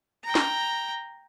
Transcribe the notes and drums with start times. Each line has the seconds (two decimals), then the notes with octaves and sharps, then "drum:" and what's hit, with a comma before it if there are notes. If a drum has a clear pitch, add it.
0.24 G5 A#5
0.35 drum: snare